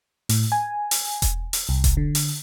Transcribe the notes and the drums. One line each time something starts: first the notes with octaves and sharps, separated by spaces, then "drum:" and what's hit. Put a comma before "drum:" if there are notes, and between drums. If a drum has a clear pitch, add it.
A2, drum: open hi-hat
G#5
drum: open hi-hat
drum: kick E1, hi-hat
drum: open hi-hat
C2
drum: kick E1, hi-hat
D3
drum: open hi-hat